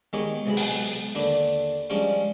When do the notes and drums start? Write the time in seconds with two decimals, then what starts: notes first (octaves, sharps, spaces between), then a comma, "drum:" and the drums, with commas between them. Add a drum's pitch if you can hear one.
0.13 D#3 G#3 B3 D#4 G4 C#5
0.46 B1 C3 G#3 E5 B5
0.57 drum: open hi-hat
1.15 D#2 D3 D4 B4 E5
1.90 F3 G3 G#3 C#4 D4 F4